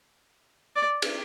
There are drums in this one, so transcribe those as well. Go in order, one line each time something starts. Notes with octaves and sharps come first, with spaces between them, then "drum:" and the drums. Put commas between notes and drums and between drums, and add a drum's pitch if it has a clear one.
D5
drum: cymbal